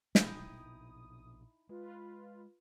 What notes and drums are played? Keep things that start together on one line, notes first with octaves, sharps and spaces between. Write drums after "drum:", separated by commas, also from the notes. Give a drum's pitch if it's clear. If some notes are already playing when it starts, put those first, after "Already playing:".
A#1 B2 D#4 E4 G5 D#6, drum: snare
G#3 F4 B4